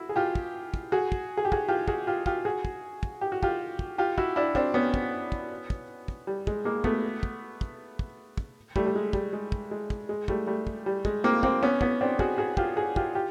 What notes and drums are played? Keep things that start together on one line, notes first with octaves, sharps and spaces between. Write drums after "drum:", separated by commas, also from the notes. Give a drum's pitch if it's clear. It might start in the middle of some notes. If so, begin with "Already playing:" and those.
Already playing: E4 F#4
G#4
F4 G4
drum: kick
drum: kick
F#4 G#4
drum: kick
G#4
G4
F#4 G#4, drum: kick
F4 G4
F#4 G#4, drum: kick
F4 G4
F4 G4, drum: kick
F#4 G#4
drum: kick
drum: kick
G4
F#4
F4 G4, drum: kick
drum: kick
F4 G4
E4 F#4, drum: kick
D4 E4
C4 D4, drum: kick
B3 C#4
drum: kick
drum: kick
drum: kick
drum: kick
G3
G#3, drum: kick
G#3 A#3
A3 B3, drum: kick
drum: kick
drum: kick
drum: kick
drum: kick
G3 A3, drum: kick
G3
G#3
G3, drum: kick
G#3
drum: kick
G#3
drum: kick
G#3
G3 A3, drum: kick
G3 A3
drum: kick
G3
G#3, drum: kick
A#3 C4
A#3 C4, drum: kick
B3 C#4
B3 C#4, drum: kick
C4 D4
F#4 G#4, drum: kick
F#4 G#4
F4 G4, drum: kick
F#4 G#4
F4 G4, drum: kick
F4 G4